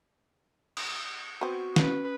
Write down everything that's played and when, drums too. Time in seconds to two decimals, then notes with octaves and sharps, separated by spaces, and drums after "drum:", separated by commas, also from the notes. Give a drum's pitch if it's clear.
0.77 drum: cymbal
1.41 B3 C4 F#4
1.76 C#4 B4, drum: snare